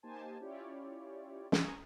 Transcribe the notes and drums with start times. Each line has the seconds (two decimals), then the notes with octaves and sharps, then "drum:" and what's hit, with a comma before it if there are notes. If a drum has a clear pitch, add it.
0.03 A#3 D#4 G4 C5 G#5 A5
0.40 C#4 E4 F4 G4 C#5 D5
1.52 G#5 A#5 C#6 D#6 G#6, drum: snare